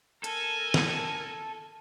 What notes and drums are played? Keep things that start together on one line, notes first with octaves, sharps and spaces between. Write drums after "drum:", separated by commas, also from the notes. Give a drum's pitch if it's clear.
A4 A#4 G#5, drum: hi-hat
drum: snare